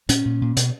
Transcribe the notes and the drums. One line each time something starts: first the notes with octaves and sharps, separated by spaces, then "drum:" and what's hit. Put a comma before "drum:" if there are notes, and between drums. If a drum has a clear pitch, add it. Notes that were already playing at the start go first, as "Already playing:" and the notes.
A#2 C#4, drum: hi-hat
A#2
A#2
B2, drum: hi-hat